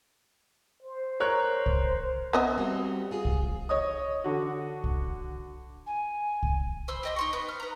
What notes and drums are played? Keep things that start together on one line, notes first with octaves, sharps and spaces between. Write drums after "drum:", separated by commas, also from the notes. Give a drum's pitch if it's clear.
C5
A#4 C#5 F#6
drum: kick C2
B3 D#5 E5
G3 C4 F#4
F4 G#4
drum: kick C2
C#5 D#5 D#6
D3 F#4
drum: kick C2
G#5
drum: kick C2
C5 B5 E6
G4 D#5 C6
D#4 C6 C#6
B3
F6
B4 A#5